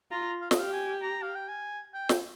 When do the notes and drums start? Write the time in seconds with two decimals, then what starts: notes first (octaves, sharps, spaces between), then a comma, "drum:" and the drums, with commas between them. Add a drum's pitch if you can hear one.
0.11 F4 A#5
0.41 F5
0.51 D#5, drum: snare
0.57 G4 F5
0.73 G#5
1.02 A#5
1.23 F5
1.35 G5
1.48 G#5
1.94 G5
2.09 drum: snare